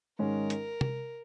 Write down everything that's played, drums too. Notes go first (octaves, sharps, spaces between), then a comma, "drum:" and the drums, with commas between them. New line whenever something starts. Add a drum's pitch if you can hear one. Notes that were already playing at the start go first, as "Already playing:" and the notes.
G#2 D#3 G#3 C#4 A#4
drum: hi-hat
drum: tom